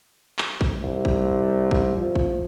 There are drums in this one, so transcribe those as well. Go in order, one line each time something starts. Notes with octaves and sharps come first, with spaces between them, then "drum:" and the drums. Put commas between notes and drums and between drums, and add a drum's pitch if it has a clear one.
drum: clap
drum: kick
C2
drum: kick
drum: kick
F3
drum: kick